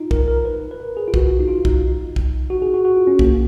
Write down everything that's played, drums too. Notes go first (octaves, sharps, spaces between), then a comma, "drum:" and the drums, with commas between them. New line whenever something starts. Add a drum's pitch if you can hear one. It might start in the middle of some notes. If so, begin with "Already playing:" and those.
Already playing: D#4 F4
A#4, drum: kick
A#4
B4
B4
A#4
G#4
F4
F#4, drum: kick
F4
D#4
F4
D#4, drum: kick
drum: kick
F#4
G#4
F#4
F#4
F4
C#4
A#3, drum: kick